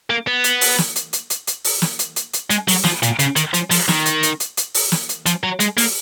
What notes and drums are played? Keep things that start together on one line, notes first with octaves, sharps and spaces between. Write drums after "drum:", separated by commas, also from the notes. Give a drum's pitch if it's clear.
A#3
B3
drum: hi-hat
drum: open hi-hat
drum: snare
drum: hi-hat
drum: hi-hat
drum: hi-hat
drum: hi-hat
drum: open hi-hat
drum: snare
drum: hi-hat
drum: hi-hat
drum: hi-hat
G#3, drum: hi-hat
F#3, drum: open hi-hat
F3, drum: snare
A#2, drum: hi-hat
C#3, drum: hi-hat
D#3, drum: hi-hat
F3, drum: hi-hat
F3, drum: open hi-hat
D#3, drum: snare
drum: hi-hat
drum: hi-hat
drum: hi-hat
drum: hi-hat
drum: open hi-hat
drum: snare
drum: hi-hat
F3, drum: hi-hat
F#3
G#3, drum: hi-hat
A#3, drum: open hi-hat